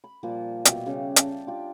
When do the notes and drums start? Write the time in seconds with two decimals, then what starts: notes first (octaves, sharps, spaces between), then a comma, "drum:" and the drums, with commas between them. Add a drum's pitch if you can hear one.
0.04 B5
0.23 A#2 F3 G3
0.65 B2 G4 E5, drum: hi-hat
0.86 C#3 G3 C#4
1.16 D5 G5 A5, drum: hi-hat
1.46 D4 F4 G4